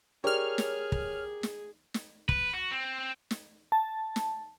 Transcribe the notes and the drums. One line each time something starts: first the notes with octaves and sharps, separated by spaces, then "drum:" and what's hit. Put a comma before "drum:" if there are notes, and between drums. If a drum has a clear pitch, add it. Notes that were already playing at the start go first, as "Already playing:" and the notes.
G4 G#4 A#4 C#5 D5 F6
drum: snare
drum: kick
drum: snare
drum: snare
B4, drum: kick
F#4
C4
drum: snare
A5
drum: snare